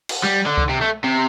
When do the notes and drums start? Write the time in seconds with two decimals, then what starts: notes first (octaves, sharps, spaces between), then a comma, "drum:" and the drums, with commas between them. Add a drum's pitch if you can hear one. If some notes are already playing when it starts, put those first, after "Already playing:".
0.09 drum: cymbal
0.23 G3
0.46 D3
0.58 drum: kick C#2
0.69 C3
0.81 A3
1.04 C3